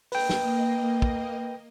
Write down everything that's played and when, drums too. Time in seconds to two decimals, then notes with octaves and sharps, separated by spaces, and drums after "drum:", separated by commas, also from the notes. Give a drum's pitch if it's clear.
0.12 A#3 B4 D#5 G5, drum: open hi-hat
0.29 drum: snare
1.02 drum: kick